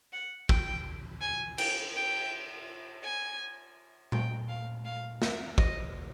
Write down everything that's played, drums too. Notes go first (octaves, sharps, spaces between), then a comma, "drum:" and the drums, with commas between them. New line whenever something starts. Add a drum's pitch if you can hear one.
F#5
G5, drum: kick
G#5
G5, drum: cymbal
G5
G#5
G5, drum: tom A#2
F5
F5
E5, drum: snare
D#5, drum: kick